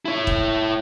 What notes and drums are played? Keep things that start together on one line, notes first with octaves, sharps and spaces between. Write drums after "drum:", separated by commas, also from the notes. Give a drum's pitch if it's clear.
E4 C#5
drum: kick